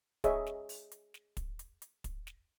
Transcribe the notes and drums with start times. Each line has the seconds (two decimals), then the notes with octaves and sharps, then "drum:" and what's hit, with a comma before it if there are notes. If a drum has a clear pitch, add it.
0.24 G#4 C#5 D#5 E5, drum: kick, hi-hat
0.46 drum: snare
0.69 drum: open hi-hat
0.92 drum: hi-hat
1.14 drum: snare
1.37 drum: kick, hi-hat
1.59 drum: hi-hat
1.82 drum: hi-hat
2.04 drum: kick, hi-hat
2.27 drum: snare